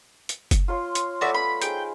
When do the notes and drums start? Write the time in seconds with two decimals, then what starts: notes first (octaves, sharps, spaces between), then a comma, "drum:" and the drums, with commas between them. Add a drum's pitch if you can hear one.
0.29 drum: hi-hat
0.51 drum: kick F#1, hi-hat
0.68 F4 C#5 C6
0.95 drum: hi-hat
1.21 A3 B3 F#4 C#5 D5 E5
1.35 B4 B5 C#6
1.62 D#4 G#4 C5 G5, drum: hi-hat